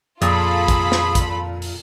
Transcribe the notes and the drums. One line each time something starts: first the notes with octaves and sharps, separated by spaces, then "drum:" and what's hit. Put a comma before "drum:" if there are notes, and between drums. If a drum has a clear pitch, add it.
F2 A#2 F4 G#4 A4 B5, drum: hi-hat
drum: kick, hi-hat
drum: snare
drum: kick, hi-hat
drum: open hi-hat